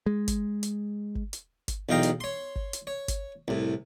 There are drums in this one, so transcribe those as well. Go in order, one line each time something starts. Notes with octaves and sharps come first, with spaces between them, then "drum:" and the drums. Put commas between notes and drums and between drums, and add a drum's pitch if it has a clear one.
G#3
drum: kick G#1, hi-hat
drum: hi-hat
drum: kick G#1
drum: hi-hat
drum: kick G#1, hi-hat
B1 E2 D#4 F5 G5 A#5
drum: hi-hat
C#5 C6
drum: kick G#1
drum: hi-hat
C#5
drum: kick G#1, hi-hat
C2 A2